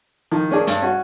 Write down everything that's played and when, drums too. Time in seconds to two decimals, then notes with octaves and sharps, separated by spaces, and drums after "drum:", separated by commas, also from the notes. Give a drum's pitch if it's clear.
0.32 D#3 F3
0.51 A#3 C#4 D4 G#4
0.67 G2, drum: hi-hat
0.82 C#4 F#4